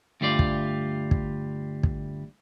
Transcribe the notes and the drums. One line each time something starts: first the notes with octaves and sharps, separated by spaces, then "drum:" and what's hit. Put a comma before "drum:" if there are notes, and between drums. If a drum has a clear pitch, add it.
D2 G2 G3 F4 D5
drum: kick
drum: kick
drum: kick